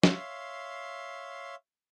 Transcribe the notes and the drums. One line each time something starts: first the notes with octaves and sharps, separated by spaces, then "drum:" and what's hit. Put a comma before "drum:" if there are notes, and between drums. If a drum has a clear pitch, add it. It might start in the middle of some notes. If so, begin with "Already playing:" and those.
C#5 E5 F5 C6, drum: snare